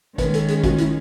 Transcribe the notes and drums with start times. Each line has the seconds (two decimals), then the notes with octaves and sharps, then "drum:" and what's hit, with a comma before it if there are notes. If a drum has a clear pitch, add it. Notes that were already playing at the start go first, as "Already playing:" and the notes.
0.18 D#3 G#3 C#4 B4, drum: kick, hi-hat
0.34 A4, drum: hi-hat
0.48 G#4, drum: hi-hat
0.64 F#4, drum: kick, hi-hat
0.78 E4, drum: hi-hat